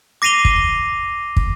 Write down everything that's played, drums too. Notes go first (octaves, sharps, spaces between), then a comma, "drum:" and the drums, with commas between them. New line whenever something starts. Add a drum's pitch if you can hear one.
D6 A#6 C7 D#7 F7 G7
drum: kick
drum: kick